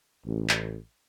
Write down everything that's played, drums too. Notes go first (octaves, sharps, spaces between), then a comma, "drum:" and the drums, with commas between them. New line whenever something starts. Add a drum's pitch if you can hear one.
A1
drum: clap